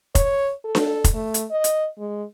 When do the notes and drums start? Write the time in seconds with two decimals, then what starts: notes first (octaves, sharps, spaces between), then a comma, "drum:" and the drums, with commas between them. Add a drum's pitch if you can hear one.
0.15 C#5, drum: kick F1, hi-hat
0.65 A4
0.75 drum: snare D4
1.04 drum: kick F1, hi-hat
1.14 A3
1.34 drum: hi-hat
1.51 D#5
1.64 drum: hi-hat
1.98 G#3